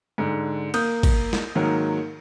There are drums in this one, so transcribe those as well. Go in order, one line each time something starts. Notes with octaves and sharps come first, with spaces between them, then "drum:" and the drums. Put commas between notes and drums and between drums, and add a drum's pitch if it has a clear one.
G#2 D3
A#3 D#6 G6, drum: cymbal
drum: kick A1, cymbal
drum: snare
G#2 D#3 F#3 A#3